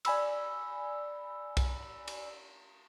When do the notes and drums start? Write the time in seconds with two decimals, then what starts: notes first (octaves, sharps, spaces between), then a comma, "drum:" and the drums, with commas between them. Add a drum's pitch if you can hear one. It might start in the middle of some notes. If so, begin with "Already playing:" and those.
0.05 D5 G#5 B5 E6, drum: cymbal
1.57 drum: kick, cymbal
2.08 drum: cymbal